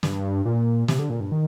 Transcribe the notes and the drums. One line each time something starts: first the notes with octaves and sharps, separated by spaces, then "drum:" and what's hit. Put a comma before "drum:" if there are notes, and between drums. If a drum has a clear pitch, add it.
G2, drum: snare
A#2
C3, drum: snare
D3
A#2
G2
D#3